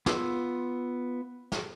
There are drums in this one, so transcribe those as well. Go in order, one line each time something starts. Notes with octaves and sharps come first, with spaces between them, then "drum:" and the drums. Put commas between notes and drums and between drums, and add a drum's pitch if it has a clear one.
B3 F4 E6, drum: snare
drum: snare